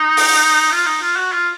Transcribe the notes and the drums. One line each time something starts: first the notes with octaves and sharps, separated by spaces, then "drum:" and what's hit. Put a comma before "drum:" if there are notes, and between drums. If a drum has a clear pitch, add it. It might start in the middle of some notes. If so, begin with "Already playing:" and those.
Already playing: D#4
drum: open hi-hat
F4
D#4
F4
F#4
F4